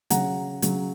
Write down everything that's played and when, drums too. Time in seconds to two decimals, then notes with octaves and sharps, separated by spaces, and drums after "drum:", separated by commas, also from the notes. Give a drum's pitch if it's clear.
0.10 C#3 F#3 F#5 A#5, drum: hi-hat
0.62 C#3 F#3, drum: hi-hat